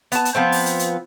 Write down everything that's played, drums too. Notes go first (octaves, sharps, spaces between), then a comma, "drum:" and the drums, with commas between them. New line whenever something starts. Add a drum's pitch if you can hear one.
B3 A5, drum: hi-hat
drum: hi-hat
F3 B3 C4
drum: open hi-hat
drum: hi-hat
drum: hi-hat